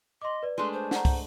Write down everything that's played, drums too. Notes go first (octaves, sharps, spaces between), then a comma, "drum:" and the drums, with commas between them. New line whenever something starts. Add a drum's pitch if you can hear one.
D#5 C6 D6
B4 D5
G#3 A3 D4 C6
C5
F#5 A#5, drum: snare
drum: kick, open hi-hat